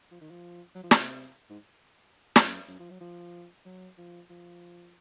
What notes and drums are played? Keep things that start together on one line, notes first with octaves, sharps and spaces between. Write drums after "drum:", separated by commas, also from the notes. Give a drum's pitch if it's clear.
F3
D#3
F3
F#3
F3
C#3, drum: snare
C3
G#2
F#2, drum: snare
F#2
F3
F#3
F3
F#3
F3
F3